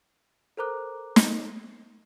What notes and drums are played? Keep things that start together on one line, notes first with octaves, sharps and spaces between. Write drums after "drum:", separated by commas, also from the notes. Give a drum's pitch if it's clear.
A4 A#4 C5 A#5 D6 F#6
drum: snare